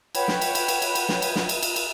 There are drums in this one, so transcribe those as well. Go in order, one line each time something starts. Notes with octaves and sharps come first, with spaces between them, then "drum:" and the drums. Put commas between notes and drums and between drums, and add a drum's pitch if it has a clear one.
B4 C#5 F#5 G5 B5 G#6, drum: cymbal
drum: snare
drum: cymbal
drum: cymbal
drum: cymbal
drum: cymbal
drum: cymbal
drum: snare
drum: cymbal
drum: snare
drum: cymbal
drum: cymbal
drum: cymbal